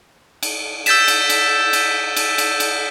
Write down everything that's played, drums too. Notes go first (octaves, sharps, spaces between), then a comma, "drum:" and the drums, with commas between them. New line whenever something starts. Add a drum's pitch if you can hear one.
drum: cymbal
E6 G6 A6 B6 E7, drum: cymbal
drum: cymbal
drum: cymbal
drum: cymbal
drum: cymbal
drum: cymbal
drum: cymbal